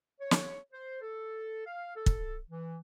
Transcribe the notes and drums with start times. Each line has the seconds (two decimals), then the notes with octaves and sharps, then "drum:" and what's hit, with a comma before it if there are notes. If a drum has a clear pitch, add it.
0.20 C#5
0.31 drum: snare
0.72 C5
1.01 A4
1.65 F5
1.95 A4
2.06 drum: kick
2.50 E3